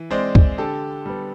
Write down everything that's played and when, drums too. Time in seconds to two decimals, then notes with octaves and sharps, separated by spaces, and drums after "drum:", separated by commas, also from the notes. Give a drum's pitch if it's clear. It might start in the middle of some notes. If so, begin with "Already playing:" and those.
Already playing: E3
0.11 G#3 C4 C5 D5
0.35 drum: kick
0.58 D3 G4 A4
1.06 G3 B3